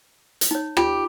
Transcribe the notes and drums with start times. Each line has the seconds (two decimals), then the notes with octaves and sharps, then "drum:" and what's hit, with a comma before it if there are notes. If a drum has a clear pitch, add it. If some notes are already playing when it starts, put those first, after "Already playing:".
0.41 drum: hi-hat
0.51 D#4 C#5
0.77 F4 G4, drum: rim click